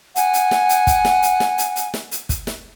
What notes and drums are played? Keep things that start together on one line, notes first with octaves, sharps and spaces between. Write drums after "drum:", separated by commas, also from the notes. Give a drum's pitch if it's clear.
F#5 G#5, drum: hi-hat
drum: hi-hat
drum: snare
drum: hi-hat
drum: kick, hi-hat
drum: snare
drum: hi-hat
drum: snare
drum: hi-hat
drum: hi-hat
drum: snare
drum: hi-hat
drum: kick, hi-hat
drum: snare